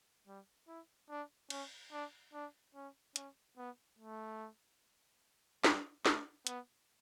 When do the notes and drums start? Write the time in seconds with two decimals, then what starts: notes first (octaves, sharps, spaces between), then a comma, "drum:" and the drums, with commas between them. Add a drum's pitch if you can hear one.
0.27 G3
0.68 E4
1.10 D4
1.50 C#4, drum: cymbal
1.92 D4
2.33 D4
2.75 C#4
3.16 C#4, drum: hi-hat
3.57 B3
3.99 A3
5.64 G3, drum: snare
6.06 A3, drum: snare
6.47 B3, drum: hi-hat